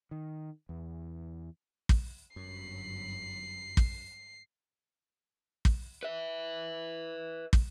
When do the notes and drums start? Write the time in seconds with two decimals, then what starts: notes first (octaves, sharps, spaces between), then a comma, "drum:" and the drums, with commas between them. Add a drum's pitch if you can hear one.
0.11 D#3
0.69 E2
1.89 drum: kick
2.36 G1 F#2 F#3 B5 C7
3.77 drum: kick
5.65 drum: kick
6.03 B4 E5
7.53 drum: kick